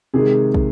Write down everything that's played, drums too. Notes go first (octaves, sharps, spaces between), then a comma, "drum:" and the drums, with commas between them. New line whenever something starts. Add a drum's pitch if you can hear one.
C3 D#3 G#3 G#4
drum: kick